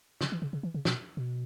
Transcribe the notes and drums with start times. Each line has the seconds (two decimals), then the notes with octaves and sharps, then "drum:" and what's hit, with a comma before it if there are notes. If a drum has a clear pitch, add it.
0.21 C#3, drum: snare
0.32 E3
0.42 C#3
0.53 C#3
0.63 E3
0.74 C#3
0.85 B2, drum: snare
1.17 B2